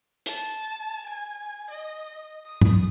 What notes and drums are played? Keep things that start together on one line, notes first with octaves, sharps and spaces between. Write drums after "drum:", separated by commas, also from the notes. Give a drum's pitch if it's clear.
A5, drum: hi-hat
G#5
D#5
D#6
drum: tom G#2